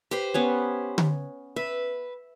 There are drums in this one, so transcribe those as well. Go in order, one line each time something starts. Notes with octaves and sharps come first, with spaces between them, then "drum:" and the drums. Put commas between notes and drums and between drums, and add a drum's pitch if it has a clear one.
G4 B4 C5
B3 C#4 C#5
drum: tom D3
B4 E5